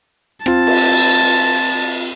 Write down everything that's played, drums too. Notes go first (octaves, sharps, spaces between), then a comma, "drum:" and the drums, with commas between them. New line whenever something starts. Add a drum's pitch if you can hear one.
C4 F4 A5, drum: rim click
drum: cymbal